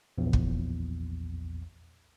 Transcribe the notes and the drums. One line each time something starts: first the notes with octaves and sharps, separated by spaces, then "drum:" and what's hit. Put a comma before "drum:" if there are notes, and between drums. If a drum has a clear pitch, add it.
A#1 E2
drum: kick